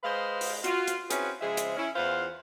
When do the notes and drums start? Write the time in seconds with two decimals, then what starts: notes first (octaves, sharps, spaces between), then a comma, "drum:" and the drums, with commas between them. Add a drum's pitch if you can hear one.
0.04 G#3 B4 C5 D#5 F5
0.41 drum: open hi-hat
0.64 F4 F#4, drum: hi-hat
0.88 drum: hi-hat
1.11 C4 C#4 E4 F#4 G#4 B4, drum: hi-hat
1.42 C#3 F3 G#3 G#4 C5 E5
1.57 drum: hi-hat
1.77 C#4 E4
1.96 E2 F4 B4 C5 F5